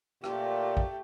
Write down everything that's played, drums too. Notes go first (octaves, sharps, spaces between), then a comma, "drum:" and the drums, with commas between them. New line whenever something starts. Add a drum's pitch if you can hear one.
A#2 A3 G4, drum: rim click
drum: kick